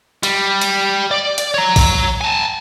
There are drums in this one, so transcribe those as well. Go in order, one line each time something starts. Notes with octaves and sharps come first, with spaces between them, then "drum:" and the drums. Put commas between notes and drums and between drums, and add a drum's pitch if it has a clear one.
G3, drum: hi-hat
drum: hi-hat
D5
drum: hi-hat
C#5 A#5
drum: kick A#1, open hi-hat
G#5 A5